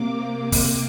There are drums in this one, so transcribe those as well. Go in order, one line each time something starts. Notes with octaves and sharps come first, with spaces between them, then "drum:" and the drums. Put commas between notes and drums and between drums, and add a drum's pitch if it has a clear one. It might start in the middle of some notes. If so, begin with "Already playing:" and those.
Already playing: C3 A#3 D6
drum: kick, open hi-hat